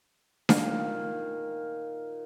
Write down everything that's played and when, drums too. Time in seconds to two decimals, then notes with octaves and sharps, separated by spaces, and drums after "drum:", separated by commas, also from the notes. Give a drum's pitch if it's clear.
0.49 A#2 D#3 F5, drum: snare D4